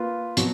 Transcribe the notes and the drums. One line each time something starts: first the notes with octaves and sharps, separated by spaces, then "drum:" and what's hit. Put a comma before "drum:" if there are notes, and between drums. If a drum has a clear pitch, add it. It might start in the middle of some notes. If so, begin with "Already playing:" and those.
Already playing: A#3 F4 B4
B2 F#3, drum: hi-hat